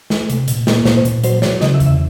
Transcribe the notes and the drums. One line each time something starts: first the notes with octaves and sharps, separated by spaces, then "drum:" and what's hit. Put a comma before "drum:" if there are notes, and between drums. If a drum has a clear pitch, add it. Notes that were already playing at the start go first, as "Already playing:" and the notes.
A3, drum: snare
C3, drum: hi-hat
A#2, drum: hi-hat
A#3, drum: snare
A#2 C5, drum: snare
A#2, drum: hi-hat
F#3 C5, drum: hi-hat
F#3 C#5, drum: snare
C#3 D#5, drum: snare
E5
E2, drum: hi-hat
E5